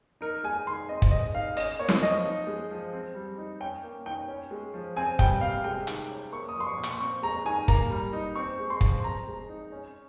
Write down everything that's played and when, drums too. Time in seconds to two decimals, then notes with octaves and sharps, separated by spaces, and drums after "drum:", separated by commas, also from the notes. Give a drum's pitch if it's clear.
0.21 D#4 A#4
0.43 G#3 G#5
0.66 D#3 C6
0.89 C4 D#5
1.02 drum: kick
1.11 G#3 D#5
1.35 D#4 F5
1.57 C#4 D#5, drum: open hi-hat
1.79 A#3 C#5
1.88 drum: snare
2.02 F3 D#5
2.25 D#4
2.47 G#3
2.71 F3
2.93 C4
3.15 G3
3.38 D#4
3.60 C#4 G5
3.83 A#3
4.06 D#3 G5
4.28 C#4
4.51 G#3
4.74 F3
4.96 C4 G#5
5.19 G3 G5, drum: kick
5.41 C3 F5
5.64 G#3 G5
5.87 D#3, drum: hi-hat
6.10 C#4
6.32 A#3 C#6
6.49 D#6
6.55 F3
6.60 C6
6.67 C#6
6.78 A#2
6.83 C#6, drum: hi-hat
7.00 C4 C#6
7.23 G#3 A#5
7.45 D#3 G#5
7.68 A#3 A#5, drum: kick
7.90 G3
8.13 D#4
8.36 C4 C#6
8.59 G#3
8.70 C6
8.81 F3, drum: kick
9.04 C4 A#5
9.27 G#3
9.49 D#4
9.72 C#4